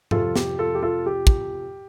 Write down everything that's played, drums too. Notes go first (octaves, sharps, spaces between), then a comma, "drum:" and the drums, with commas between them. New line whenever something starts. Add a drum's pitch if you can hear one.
F2 C3 G3 C4 F4 A4, drum: tom G#2
G4, drum: snare
F4 A4
G4
F4 A4
G4
drum: kick